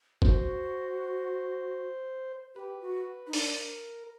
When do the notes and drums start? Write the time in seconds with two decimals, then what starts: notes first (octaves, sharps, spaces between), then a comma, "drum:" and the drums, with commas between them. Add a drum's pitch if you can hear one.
0.22 F#4 C5, drum: kick F#1
2.56 G4 B4
2.81 F#4
3.27 D#4
3.33 D4 A#4, drum: open hi-hat